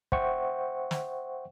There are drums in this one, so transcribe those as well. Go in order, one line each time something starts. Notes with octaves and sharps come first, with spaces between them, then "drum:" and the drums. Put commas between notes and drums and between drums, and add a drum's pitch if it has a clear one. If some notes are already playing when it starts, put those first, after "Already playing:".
C5 E5 F#5 G5 C#6, drum: kick
drum: snare